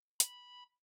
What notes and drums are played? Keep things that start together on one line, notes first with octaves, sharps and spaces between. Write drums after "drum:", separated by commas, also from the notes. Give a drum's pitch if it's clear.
B5, drum: hi-hat